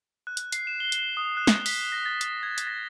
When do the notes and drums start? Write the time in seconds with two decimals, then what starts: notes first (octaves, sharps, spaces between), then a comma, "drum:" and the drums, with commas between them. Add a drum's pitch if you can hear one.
0.27 F#6
0.37 drum: hi-hat
0.52 C7, drum: hi-hat
0.67 E7
0.80 G7
0.92 drum: hi-hat
1.17 D#6
1.37 F#6
1.47 drum: snare
1.66 B6, drum: open hi-hat
1.92 A#6
2.06 A6
2.21 drum: hi-hat
2.43 G#6
2.58 drum: hi-hat
2.67 A#6